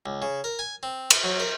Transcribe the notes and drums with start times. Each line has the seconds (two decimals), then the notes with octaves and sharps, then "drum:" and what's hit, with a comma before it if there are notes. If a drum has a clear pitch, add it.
0.06 C#2
0.22 C#3
0.44 A#4
0.59 G#5
0.83 C4
1.10 B4, drum: cymbal
1.24 F#3
1.40 A#4